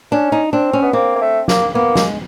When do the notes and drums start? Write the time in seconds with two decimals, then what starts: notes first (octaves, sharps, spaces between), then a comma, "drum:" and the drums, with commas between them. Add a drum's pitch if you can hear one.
0.12 C#4 D4
0.32 D#4
0.53 C4 D4
0.73 C#4
0.82 B3
0.93 A#3 C4
1.16 A#3
1.21 A3
1.48 A#3, drum: snare
1.75 A#3 B3
1.95 G#3, drum: snare